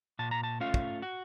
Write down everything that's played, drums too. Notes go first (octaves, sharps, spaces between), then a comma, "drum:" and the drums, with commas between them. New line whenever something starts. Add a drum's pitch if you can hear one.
A#2 A5
A#5
A5
A3 C#4 F4 F5
drum: kick
F#4